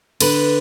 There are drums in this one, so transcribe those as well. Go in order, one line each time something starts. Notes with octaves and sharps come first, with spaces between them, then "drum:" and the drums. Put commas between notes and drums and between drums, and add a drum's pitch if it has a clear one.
D3 B4, drum: cymbal